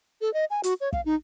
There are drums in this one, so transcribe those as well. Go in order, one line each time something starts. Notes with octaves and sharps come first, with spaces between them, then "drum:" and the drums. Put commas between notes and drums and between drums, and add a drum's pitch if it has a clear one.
A4
D#5
G#5
F#4, drum: hi-hat
C#5
F5, drum: kick
D#4